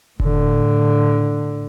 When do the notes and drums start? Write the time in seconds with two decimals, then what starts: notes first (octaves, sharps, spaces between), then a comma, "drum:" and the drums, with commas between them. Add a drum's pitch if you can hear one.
0.20 A2 D3, drum: kick F1